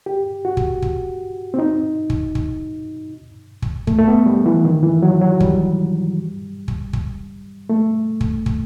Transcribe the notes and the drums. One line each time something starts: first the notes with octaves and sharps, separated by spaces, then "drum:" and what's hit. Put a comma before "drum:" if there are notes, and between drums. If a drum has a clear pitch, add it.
G4
F#4
drum: kick
drum: kick
C4
D#4
drum: kick
drum: kick
drum: kick
A3, drum: kick
A3
B3
G3
E3
D#3
E3
F#3
F#3
G3, drum: kick
drum: kick
drum: kick
A3
drum: kick
drum: kick